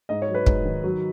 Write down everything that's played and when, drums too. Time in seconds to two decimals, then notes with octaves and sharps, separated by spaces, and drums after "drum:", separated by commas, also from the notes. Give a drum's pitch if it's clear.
0.09 G#2 D#5
0.22 C#5
0.29 F#3
0.34 B4
0.46 G#2, drum: kick
0.65 D#3
0.84 F#3